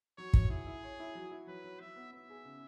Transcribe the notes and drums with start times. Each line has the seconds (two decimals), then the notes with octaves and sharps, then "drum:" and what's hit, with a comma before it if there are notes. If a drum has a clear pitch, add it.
0.17 F#3 C#5
0.34 F#3, drum: kick
0.50 E4 G#4
0.67 E4
0.83 C#5
1.00 E4
1.15 F#3
1.31 E4
1.47 F#3 B4
1.64 F#3
1.80 F#3 E5
1.96 B3
2.13 B3 E5
2.30 G#4
2.45 C#3